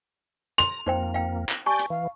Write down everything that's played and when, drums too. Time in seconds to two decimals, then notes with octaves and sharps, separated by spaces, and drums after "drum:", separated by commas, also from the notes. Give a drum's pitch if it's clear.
0.58 A#5 C6 F7, drum: hi-hat
0.86 F2 A#3 D#4 C5 G5
1.14 F5 G5
1.49 drum: clap
1.66 G4 D5 G#5 A5 C#6 G6
1.79 drum: hi-hat
1.90 E3 F5